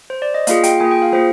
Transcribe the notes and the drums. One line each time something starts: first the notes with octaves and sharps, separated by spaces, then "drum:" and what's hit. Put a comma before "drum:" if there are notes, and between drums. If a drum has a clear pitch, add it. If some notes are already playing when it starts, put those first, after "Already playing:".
C5
D5
D#5
A#3 F4 G#4 F5, drum: hi-hat
G5, drum: hi-hat
A#3 F4 G#4 G#5
G5
F5
A#3 F4 G#4 C5